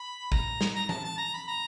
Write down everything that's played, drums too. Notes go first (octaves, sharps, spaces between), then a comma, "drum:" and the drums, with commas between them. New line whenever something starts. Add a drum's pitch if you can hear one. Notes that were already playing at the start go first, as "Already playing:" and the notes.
Already playing: B5
A#5, drum: kick
drum: snare
A#5
A5, drum: tom E3
A5
A#5
B5
A#5